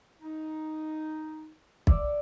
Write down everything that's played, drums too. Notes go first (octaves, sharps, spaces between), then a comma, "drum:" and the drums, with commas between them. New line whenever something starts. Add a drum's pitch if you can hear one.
D#4
C#5 D5 E5, drum: kick